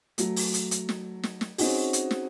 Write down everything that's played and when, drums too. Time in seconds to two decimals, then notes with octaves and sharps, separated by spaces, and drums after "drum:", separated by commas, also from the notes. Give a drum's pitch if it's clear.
0.18 F#3 A3, drum: hi-hat
0.36 drum: open hi-hat
0.54 drum: hi-hat
0.71 drum: hi-hat
0.89 drum: snare
1.23 drum: snare
1.41 drum: snare
1.58 C4 C#4 D#4 F#4 G#4, drum: open hi-hat
1.93 drum: hi-hat
2.11 drum: snare